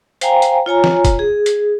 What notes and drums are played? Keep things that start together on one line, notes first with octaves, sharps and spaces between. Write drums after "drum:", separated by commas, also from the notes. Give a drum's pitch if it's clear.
C5 F5 G5 G#5 A#5, drum: hi-hat
drum: hi-hat
F4 C#5 G#5 A#5
drum: snare
drum: kick, hi-hat
G#4
drum: hi-hat